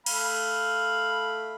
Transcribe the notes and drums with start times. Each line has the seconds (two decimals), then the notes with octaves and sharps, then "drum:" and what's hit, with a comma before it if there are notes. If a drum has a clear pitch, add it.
0.06 A3 F5 B5, drum: cymbal